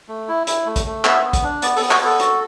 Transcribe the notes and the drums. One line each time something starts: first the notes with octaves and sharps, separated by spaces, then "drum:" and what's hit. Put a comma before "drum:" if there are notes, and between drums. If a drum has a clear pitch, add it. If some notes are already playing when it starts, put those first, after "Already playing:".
A3
E4
E4, drum: hi-hat
A3
drum: kick A#1, hi-hat
A3
B3 E5, drum: clap
B3
drum: kick A#1, hi-hat
D4
B3 D5, drum: hi-hat
A4, drum: open hi-hat
B3
F#4, drum: clap
B3 A4
F#4, drum: hi-hat